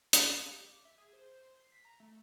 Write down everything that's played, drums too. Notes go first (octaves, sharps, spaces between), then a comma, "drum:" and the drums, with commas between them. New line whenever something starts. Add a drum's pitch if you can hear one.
G#6, drum: hi-hat
F5
G4
D6
E5
G#4
C5
C5
C7
B6
A#5
A3